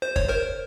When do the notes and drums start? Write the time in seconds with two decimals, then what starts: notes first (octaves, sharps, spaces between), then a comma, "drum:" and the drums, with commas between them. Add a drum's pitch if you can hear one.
0.02 C5
0.16 C#5, drum: kick
0.28 A#4 C5